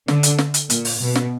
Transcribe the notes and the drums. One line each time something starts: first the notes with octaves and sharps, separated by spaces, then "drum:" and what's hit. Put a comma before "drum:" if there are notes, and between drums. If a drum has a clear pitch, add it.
D3, drum: snare
drum: hi-hat
drum: snare
drum: hi-hat
A#2, drum: hi-hat
drum: open hi-hat
B2
drum: snare